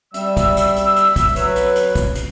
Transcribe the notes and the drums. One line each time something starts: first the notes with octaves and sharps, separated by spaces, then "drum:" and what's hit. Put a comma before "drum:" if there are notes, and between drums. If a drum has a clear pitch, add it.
G3 E5 E6, drum: hi-hat
drum: kick, hi-hat
drum: hi-hat
drum: hi-hat
drum: hi-hat
drum: kick, hi-hat
F#3 B4 C#5, drum: hi-hat
drum: hi-hat
drum: hi-hat
drum: kick, hi-hat
drum: hi-hat